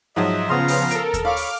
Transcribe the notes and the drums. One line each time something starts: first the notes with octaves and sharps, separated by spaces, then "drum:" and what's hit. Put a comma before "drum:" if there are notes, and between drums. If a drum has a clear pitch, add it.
G#2 F3 F#3 D#5 E5
C#3 F3 B3 F5 A#5 C6 D#6
drum: open hi-hat
A4 A#4 D7, drum: hi-hat
drum: kick D#2, hi-hat
C#5 F5 B5 D6 F6
drum: open hi-hat